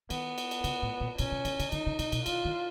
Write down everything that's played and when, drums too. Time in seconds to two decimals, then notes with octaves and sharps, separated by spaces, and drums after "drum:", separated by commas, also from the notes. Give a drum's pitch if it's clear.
0.10 D#3 B3, drum: cymbal
0.38 drum: cymbal
0.51 drum: cymbal
0.64 C#3, drum: cymbal
0.82 A2
1.01 A#2
1.18 B2 C#4, drum: cymbal
1.32 C3
1.45 C#3, drum: cymbal
1.60 C#3, drum: cymbal
1.72 D3 D#4, drum: cymbal
1.87 C#3
1.99 C3, drum: cymbal
2.12 B2, drum: cymbal
2.26 D#3 F4, drum: cymbal
2.45 D#3